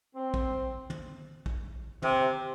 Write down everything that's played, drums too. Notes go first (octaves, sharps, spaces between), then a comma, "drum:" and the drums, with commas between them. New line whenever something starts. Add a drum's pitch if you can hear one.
C4
drum: kick
drum: tom
drum: kick
C3, drum: tom